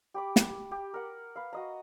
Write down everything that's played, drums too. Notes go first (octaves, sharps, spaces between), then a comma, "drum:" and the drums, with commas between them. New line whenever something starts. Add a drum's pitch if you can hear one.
G4 B5 D6
drum: snare
G4
A#4 F#5
B4 F5
F#4 D#5 A#5